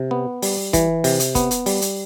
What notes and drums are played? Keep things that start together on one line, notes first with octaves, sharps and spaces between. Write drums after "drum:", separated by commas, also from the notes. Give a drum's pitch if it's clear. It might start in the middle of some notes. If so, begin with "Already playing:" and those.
Already playing: C3
B3
G3, drum: open hi-hat
E3, drum: kick, hi-hat
C3, drum: open hi-hat
drum: hi-hat
B3, drum: kick, hi-hat
drum: hi-hat
G3, drum: open hi-hat
drum: hi-hat